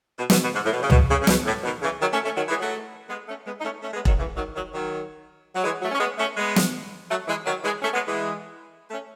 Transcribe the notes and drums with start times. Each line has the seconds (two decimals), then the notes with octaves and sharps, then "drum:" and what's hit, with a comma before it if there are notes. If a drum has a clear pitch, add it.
0.17 B2
0.30 B2, drum: snare
0.41 B2
0.54 G#2
0.63 A2
0.72 B2
0.82 C#3
0.90 B2, drum: tom C#2
1.09 C#3
1.22 C#3
1.27 B2, drum: snare
1.45 A2
1.64 B2 D#3
1.81 C#3 E3
1.99 D#3 F#3
2.11 A3 C#4
2.24 A3 C#4
2.35 D#3 F#3
2.48 E3 G#3
2.60 F#3 A3
3.08 G#3 B3
3.27 A3 C#4
3.45 G#3 B3
3.59 D#4
3.63 A3 C#4
3.81 A3 C#4
3.93 G#3 B3
4.05 D#3 F#3, drum: kick E1
4.18 C#3 E3
4.35 D#3 F#3
4.54 D#3 F#3
4.72 D#3 F#3
5.54 F#3
5.63 E3 G#3
5.82 F#3 A3
5.92 C#4
5.99 G#3 B3
6.18 A3 C#4
6.36 G#3 B3
6.56 drum: snare
7.09 F#3 A3
7.27 E3 G#3
7.45 D#3 F#3
7.63 E3 G#3
7.81 A3 C#4
7.93 G#3 B3
8.06 E3 G#3
8.90 A3 C#4